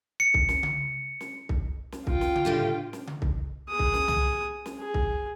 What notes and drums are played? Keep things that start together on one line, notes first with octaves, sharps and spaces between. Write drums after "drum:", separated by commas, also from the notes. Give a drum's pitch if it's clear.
C#7
drum: kick C2
drum: snare
drum: tom C#3
drum: snare
drum: kick C2
drum: snare
F4 G5, drum: kick C2
drum: snare
drum: tom C#3
A2 D3 G4
drum: snare
drum: tom C#3
drum: kick C2
G#4 D#6
drum: kick C2
drum: snare
drum: tom
drum: snare
G#4
drum: kick C2